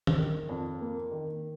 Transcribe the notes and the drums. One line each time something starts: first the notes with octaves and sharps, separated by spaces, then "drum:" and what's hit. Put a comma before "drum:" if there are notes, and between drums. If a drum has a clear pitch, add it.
drum: tom
D#3
F2
A#3
D#3